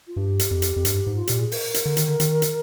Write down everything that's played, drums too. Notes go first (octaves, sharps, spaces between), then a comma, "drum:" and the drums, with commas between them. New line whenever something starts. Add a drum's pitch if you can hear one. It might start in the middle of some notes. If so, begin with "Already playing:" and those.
F4
G2 G4
drum: hi-hat
F2
drum: hi-hat
F2
G2, drum: hi-hat
G#2
F4
A#2 G4, drum: hi-hat
G#4
A#4, drum: open hi-hat
drum: hi-hat
D3
D#3, drum: hi-hat
D3
D#3, drum: hi-hat
drum: hi-hat